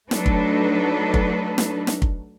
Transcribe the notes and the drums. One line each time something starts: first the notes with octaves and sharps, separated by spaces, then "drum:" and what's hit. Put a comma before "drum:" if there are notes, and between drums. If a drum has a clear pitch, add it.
F#3 A3 D4 D#4 A4 B4, drum: snare
drum: kick
drum: kick
drum: snare
drum: snare
drum: kick